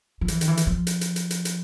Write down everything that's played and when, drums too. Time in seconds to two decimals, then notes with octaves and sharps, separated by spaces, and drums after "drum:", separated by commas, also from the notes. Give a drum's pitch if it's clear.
0.21 F3
0.28 E3, drum: hi-hat
0.41 D#3, drum: hi-hat
0.48 E3
0.57 drum: hi-hat
0.67 F3
0.87 drum: hi-hat
1.01 drum: hi-hat
1.16 drum: hi-hat
1.31 drum: hi-hat
1.45 drum: hi-hat